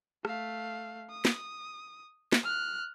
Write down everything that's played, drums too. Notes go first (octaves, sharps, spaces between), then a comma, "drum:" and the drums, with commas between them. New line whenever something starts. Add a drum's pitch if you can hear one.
A3 F5, drum: rim click
D#6
drum: snare
drum: snare
F6 F#6